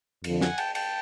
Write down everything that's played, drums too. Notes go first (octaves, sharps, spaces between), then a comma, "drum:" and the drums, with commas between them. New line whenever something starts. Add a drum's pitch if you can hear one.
F2 D3 F3, drum: cymbal
F#5 G#5, drum: snare
G5 A5, drum: cymbal
G5 A5, drum: cymbal